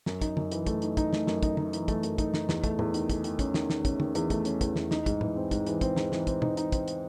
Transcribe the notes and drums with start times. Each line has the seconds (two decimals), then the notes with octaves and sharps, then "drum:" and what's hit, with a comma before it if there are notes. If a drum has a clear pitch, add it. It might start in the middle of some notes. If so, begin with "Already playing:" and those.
0.06 F#2, drum: snare
0.21 D#4, drum: kick, hi-hat
0.37 F#2, drum: tom
0.52 E3, drum: hi-hat
0.67 A3, drum: kick, hi-hat
0.82 D#4, drum: hi-hat
0.97 D#4, drum: kick, hi-hat
1.13 A3, drum: snare
1.27 F#2, drum: snare
1.43 D#4, drum: kick, hi-hat
1.57 D#4, drum: tom
1.73 E3, drum: hi-hat
1.88 A3, drum: kick, hi-hat
2.03 F#2, drum: hi-hat
2.18 D#4, drum: kick, hi-hat
2.34 D#4, drum: snare
2.49 E2, drum: snare
2.64 A3, drum: kick, hi-hat
2.79 E2, drum: tom
2.94 D#3, drum: hi-hat
3.10 A3, drum: kick, hi-hat
3.24 D#3, drum: hi-hat
3.39 C#4, drum: kick, hi-hat
3.54 D#3, drum: snare
3.70 D#3, drum: snare
3.85 C#4, drum: kick, hi-hat
4.00 D#3, drum: tom
4.15 E2, drum: hi-hat
4.30 A3, drum: kick, hi-hat
4.45 C#4, drum: hi-hat
4.61 E2, drum: kick, hi-hat
4.76 E2, drum: snare
4.91 D#4, drum: snare
5.06 G#2, drum: kick, hi-hat
5.21 E3, drum: tom
5.36 C4
5.51 G#2, drum: kick, hi-hat
5.66 E3, drum: hi-hat
5.81 C4, drum: kick, hi-hat
5.96 D#4, drum: snare
6.12 E3, drum: snare
6.27 C4, drum: kick, hi-hat
6.42 D#4, drum: tom
6.57 D#4, drum: hi-hat
6.72 C4, drum: kick, hi-hat
6.88 drum: hi-hat